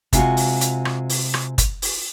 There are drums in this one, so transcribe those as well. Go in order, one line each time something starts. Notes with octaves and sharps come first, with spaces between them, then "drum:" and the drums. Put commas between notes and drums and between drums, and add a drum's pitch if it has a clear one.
C3 G#3 F4 F#4, drum: kick, hi-hat
drum: open hi-hat
drum: hi-hat
drum: rim click
drum: open hi-hat
drum: rim click
drum: kick, hi-hat
drum: open hi-hat